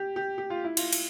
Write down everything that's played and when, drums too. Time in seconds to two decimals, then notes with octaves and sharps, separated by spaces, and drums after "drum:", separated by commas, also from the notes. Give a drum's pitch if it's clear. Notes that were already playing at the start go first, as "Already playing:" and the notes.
Already playing: G4
0.16 G4
0.38 G4
0.50 F4
0.64 E4
0.77 F4, drum: cymbal
0.93 drum: cymbal